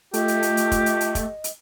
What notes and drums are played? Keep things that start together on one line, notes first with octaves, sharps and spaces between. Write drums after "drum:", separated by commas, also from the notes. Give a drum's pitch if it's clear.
A3 F4 G4 D#5, drum: hi-hat
drum: hi-hat
drum: hi-hat
drum: hi-hat
drum: kick, hi-hat
drum: hi-hat
drum: hi-hat
drum: kick, hi-hat
drum: hi-hat